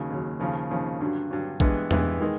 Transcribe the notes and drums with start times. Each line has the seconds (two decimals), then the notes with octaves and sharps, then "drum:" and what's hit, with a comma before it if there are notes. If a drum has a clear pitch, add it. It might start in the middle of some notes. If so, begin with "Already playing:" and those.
Already playing: D#2 C#3 F#3
0.10 D#2 C#3 F#3
0.40 D#2 C#3 F3
0.71 D#2 C#3 F3
1.00 G2 D3 F#3
1.31 G2 D3 F#3
1.60 G2 E3 G#3 B3, drum: kick
1.91 G2 E3 G#3 B3, drum: tom E2
2.20 D#3 G#3